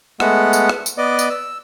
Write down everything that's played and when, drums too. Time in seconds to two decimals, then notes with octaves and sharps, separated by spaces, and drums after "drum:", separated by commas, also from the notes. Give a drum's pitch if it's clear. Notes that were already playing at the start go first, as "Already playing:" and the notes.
0.20 G#3 A3 B3 F#5, drum: rim click
0.53 drum: tambourine
0.69 drum: rim click
0.86 drum: tambourine
0.98 B3 D5 D#5
1.19 drum: tambourine
1.30 E6